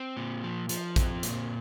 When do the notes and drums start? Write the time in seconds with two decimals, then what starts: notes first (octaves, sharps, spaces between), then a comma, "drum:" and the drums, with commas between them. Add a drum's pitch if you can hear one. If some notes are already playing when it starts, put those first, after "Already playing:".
Already playing: C4
0.17 A#2
0.44 F3
0.69 F3, drum: hi-hat
0.96 C4, drum: kick, hi-hat
1.23 A#2, drum: hi-hat